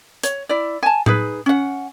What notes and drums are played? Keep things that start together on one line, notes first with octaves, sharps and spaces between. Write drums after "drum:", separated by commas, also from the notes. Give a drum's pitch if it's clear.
C#5, drum: hi-hat
E4 D5
G#5 A5
D#4 G#4 B4, drum: tom A2
C#4 F#5